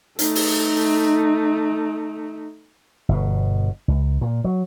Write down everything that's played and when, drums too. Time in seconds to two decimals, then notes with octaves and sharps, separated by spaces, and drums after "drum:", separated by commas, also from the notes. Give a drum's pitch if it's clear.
0.19 A3 D#4, drum: hi-hat
0.35 drum: open hi-hat
3.09 G1 B2
3.88 C#2
4.21 A#2
4.44 F#3